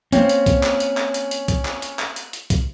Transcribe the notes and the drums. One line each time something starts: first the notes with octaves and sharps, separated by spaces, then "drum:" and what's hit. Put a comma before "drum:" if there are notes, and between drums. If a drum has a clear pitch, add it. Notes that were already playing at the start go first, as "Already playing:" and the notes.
A#3 C4 C#4, drum: hi-hat
drum: hi-hat
drum: kick, hi-hat
drum: clap
drum: hi-hat
drum: clap
drum: hi-hat
drum: hi-hat
drum: kick, hi-hat
drum: clap
drum: hi-hat
drum: clap
drum: hi-hat
drum: hi-hat
drum: kick, hi-hat